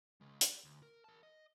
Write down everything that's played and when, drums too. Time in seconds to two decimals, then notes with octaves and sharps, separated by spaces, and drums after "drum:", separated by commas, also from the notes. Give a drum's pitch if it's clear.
0.21 C#3 G#3
0.41 G4 D5, drum: hi-hat
0.64 D2
0.82 A#4
1.04 A#4 A5
1.23 D#5